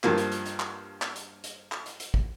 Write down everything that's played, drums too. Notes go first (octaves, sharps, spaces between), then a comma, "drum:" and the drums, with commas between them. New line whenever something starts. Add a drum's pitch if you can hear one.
G2 F3 A#3, drum: clap
drum: hi-hat
drum: hi-hat
drum: hi-hat
drum: clap
drum: clap
drum: hi-hat
drum: hi-hat
drum: clap
drum: hi-hat
drum: hi-hat
drum: kick